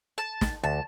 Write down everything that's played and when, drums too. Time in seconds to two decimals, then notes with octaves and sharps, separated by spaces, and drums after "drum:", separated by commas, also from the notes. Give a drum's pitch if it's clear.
0.18 A5
0.41 drum: snare
0.64 D2 A5